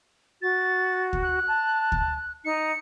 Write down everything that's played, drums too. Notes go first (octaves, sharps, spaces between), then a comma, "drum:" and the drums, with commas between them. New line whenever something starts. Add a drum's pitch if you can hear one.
F#4 A6
drum: kick D2
F#6
A5
drum: kick D2
D#4 C#7